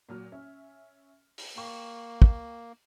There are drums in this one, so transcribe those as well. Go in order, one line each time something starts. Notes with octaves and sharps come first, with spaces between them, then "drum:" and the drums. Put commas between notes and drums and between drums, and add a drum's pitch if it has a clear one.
A#2 F#3 F6
C#4 E5
drum: open hi-hat
A#3 G5 C#6
drum: kick